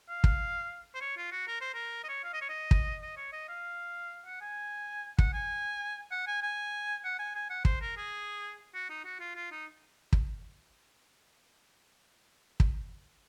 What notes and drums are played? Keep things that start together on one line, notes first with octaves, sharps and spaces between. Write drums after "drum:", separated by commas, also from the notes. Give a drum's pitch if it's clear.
F5
drum: kick
C5
C#5
F4
F#4
A#4
C5
A#4
D#5
C#5
F5
D#5
C#5
D#5
drum: kick
D#5
C#5
D#5
F5
F#5
G#5
F#5, drum: kick
G#5
F#5
G#5
G#5
F#5
G#5
G#5
F#5
C5, drum: kick
A#4
G#4
F#4
D#4
F#4
F4
F4
D#4
drum: kick
drum: kick